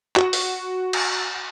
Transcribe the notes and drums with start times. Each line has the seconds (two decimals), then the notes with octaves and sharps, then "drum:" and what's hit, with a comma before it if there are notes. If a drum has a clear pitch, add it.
0.16 F#4, drum: clap
0.33 drum: open hi-hat
0.93 drum: cymbal